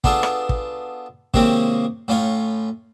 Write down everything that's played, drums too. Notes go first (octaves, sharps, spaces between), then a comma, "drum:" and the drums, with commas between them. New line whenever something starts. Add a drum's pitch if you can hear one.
B3 D4 F4 G#4 A4, drum: kick
drum: rim click
drum: kick
C3 D#3 G#3 A#3 C4 C#4, drum: kick
A2 C#4 F4 C#5